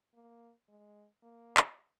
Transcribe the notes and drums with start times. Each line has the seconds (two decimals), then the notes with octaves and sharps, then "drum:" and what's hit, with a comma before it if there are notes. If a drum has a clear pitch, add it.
0.14 A#3
0.68 G#3
1.23 A#3
1.57 drum: clap